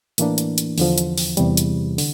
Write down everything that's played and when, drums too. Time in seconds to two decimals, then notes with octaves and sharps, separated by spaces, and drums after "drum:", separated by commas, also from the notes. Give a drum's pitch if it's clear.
0.18 A2 E3 A#3 D4, drum: hi-hat
0.38 drum: hi-hat
0.58 drum: hi-hat
0.78 E2 D3 F3, drum: open hi-hat
0.98 drum: hi-hat
1.18 drum: open hi-hat
1.37 E2 C3 G3, drum: hi-hat
1.57 drum: hi-hat
1.98 D3, drum: open hi-hat